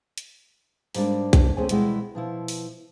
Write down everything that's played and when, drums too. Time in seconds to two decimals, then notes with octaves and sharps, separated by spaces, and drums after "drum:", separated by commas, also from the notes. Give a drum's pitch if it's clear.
0.18 drum: hi-hat
0.95 G#2 G3 A#3 D4, drum: open hi-hat
1.33 drum: kick, hi-hat
1.57 D#2 A3 C4 C#4 G#4 G#5
1.69 B2 E3 G3 G#3 B3 E4, drum: hi-hat
2.15 B2 F3 E4
2.48 drum: open hi-hat